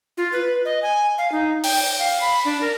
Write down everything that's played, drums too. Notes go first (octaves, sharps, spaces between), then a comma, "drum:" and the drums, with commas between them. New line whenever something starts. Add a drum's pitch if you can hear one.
F4
B4
D#5
G#5
F5
D#4
G5, drum: open hi-hat
F5
B5
D4
A#4